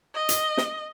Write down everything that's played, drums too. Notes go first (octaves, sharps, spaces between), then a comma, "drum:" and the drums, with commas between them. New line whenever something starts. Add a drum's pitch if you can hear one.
D#5
drum: hi-hat
drum: snare